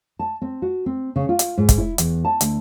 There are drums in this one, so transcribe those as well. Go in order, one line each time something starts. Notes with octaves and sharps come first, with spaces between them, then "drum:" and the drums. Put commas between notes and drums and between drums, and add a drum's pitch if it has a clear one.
A5
C4
F#4
C4
C#3
F4
drum: hi-hat
G#2
drum: kick, hi-hat
E4
E2, drum: hi-hat
A5
D2, drum: hi-hat